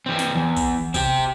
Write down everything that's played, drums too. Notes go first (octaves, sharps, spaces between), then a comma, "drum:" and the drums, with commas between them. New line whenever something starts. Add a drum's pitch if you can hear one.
E3 C4
drum: snare
E2
drum: kick, open hi-hat
C4 G4, drum: kick, open hi-hat